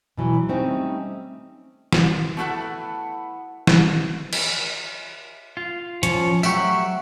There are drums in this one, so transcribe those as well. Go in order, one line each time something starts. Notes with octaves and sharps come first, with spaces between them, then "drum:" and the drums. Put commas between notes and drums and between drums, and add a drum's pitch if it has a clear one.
B2 E3 F#3
G3 A3 C4 C#4 D#4
drum: snare
A3 B3 E4 F#4 A4 F#5
drum: snare
drum: cymbal
F4
F3 C#4 C#5, drum: hi-hat
F#3 A3 G4 E5 F#5 C#6, drum: tambourine